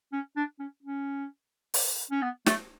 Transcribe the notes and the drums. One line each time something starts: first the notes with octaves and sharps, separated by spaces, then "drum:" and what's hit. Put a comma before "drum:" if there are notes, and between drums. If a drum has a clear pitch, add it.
C#4
D4
C#4
C#4
drum: open hi-hat
C#4
B3
A3, drum: snare